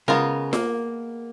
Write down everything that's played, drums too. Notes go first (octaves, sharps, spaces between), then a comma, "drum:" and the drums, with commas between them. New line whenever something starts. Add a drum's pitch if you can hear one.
C#3 G#3 B3 F4 A#4
A#3, drum: snare F4